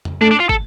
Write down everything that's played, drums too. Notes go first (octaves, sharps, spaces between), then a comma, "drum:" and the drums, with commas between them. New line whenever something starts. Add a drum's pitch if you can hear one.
drum: tom F2
A3 D4
D4
F4
A4, drum: kick